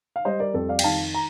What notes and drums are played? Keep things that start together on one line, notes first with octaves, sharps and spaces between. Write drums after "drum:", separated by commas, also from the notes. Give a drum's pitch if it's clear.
F5
G3 C5 D#5
A#4 D5
F2 A4
D5 F5
G5, drum: cymbal
D#3 F5 A5
A#5